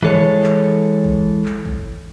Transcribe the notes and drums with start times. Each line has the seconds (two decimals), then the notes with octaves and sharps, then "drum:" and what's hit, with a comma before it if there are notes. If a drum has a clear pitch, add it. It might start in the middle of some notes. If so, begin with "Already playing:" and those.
0.03 E3 G#3 A4 C#5
0.43 drum: clap
1.04 drum: kick
1.45 drum: clap
1.65 drum: kick